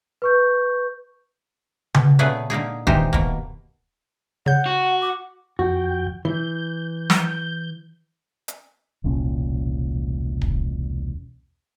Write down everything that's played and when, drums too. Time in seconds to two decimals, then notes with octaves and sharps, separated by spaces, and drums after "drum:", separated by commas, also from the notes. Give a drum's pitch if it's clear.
0.22 B4 C#6 G6
1.94 B2, drum: tom C#3
2.19 A#2 C#3 A3 B3 G#4 B4
2.50 D3 A#3 D#4 G#4
2.87 A#2 D#3 E3 D#4 G4 C5, drum: kick D1
3.13 B2 A#3, drum: kick D1
4.46 C#3 F#5 G6
4.66 F#4
5.02 D6
5.59 F2 F#4 G5
6.25 E3 G6
7.10 drum: snare
8.48 drum: hi-hat
9.04 E1 C2 A#2 C#4
10.41 drum: kick D1